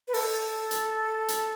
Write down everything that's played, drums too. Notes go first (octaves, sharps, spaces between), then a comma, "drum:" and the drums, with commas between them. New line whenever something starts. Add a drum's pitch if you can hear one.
B4
A4, drum: open hi-hat
drum: hi-hat
drum: hi-hat